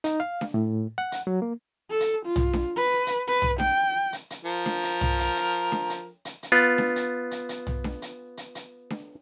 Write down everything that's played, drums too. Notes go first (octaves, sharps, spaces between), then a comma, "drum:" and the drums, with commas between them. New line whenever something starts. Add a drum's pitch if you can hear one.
D#4, drum: hi-hat
F5
drum: snare D4
A2
F#5
drum: hi-hat
F#3
A#3
A4
drum: hi-hat
F4
drum: tom
drum: snare D4
B4
drum: hi-hat
B4
drum: tom
G5, drum: snare D4
drum: hi-hat
drum: hi-hat
F3 A#4
drum: snare D4
drum: hi-hat
drum: tom
drum: hi-hat
drum: hi-hat
drum: snare D4
drum: hi-hat
drum: hi-hat
drum: hi-hat
B3 F4
drum: snare D4
drum: hi-hat
drum: hi-hat
drum: hi-hat
drum: tom
drum: snare D4
drum: hi-hat
drum: hi-hat
drum: hi-hat
drum: snare D4